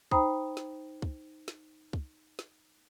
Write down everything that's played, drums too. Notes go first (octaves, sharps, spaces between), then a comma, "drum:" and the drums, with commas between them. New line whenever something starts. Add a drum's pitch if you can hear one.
D#4 C5 G5 A#5 B5 D#6, drum: kick
drum: snare
drum: kick
drum: snare
drum: kick
drum: snare